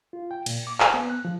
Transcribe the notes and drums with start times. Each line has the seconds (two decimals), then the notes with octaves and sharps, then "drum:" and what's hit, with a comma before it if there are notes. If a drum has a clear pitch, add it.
0.13 F4
0.31 G5
0.46 A#2, drum: cymbal
0.67 D6
0.80 C5, drum: clap
0.94 B3
1.10 F#6
1.25 F3